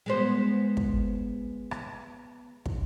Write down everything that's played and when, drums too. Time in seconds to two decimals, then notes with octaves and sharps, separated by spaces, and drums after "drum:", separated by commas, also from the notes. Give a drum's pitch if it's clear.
0.06 G#3 B3 C5
0.77 drum: kick
1.71 drum: rim click
2.66 drum: kick